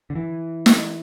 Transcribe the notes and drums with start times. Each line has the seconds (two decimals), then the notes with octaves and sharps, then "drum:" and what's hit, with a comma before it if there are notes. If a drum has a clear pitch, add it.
0.10 D3
0.16 E3
0.66 drum: snare